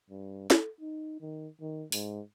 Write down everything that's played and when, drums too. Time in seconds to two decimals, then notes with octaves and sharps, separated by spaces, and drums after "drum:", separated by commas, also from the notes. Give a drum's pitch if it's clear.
0.10 G2
0.50 A4, drum: snare
0.81 D#4
1.21 D#3
1.61 D#3
1.92 G#2, drum: open hi-hat